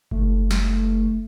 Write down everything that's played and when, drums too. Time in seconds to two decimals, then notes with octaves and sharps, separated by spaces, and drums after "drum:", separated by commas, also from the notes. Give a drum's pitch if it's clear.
0.11 F#1 A3, drum: kick F#1
0.51 drum: snare